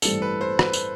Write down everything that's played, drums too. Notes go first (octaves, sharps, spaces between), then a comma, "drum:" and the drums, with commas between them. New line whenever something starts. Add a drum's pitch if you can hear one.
A1 G2 E3 G3 C4 A4, drum: tambourine
B4
C5
B4, drum: rim click
drum: tambourine